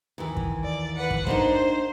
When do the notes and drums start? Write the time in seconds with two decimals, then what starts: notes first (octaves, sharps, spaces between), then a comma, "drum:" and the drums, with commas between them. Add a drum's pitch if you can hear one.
0.18 D#2 E3
0.36 drum: kick
0.63 D5
0.97 B4 F#5
1.10 drum: kick
1.27 A#3 D4 D#4 C5, drum: kick